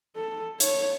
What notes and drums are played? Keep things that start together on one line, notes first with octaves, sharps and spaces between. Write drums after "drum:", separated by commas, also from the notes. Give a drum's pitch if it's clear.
A4
C#5, drum: hi-hat